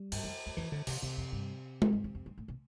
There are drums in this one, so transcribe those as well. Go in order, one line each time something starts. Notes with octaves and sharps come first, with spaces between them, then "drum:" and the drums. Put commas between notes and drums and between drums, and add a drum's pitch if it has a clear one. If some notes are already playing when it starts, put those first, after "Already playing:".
Already playing: G3
G2, drum: cymbal
F2
E2
F2 E3
F2 D3
E2 C3, drum: cymbal
E2 C3
F2
G2
drum: tom G#3
G2
E2
F2
G2
A2
B2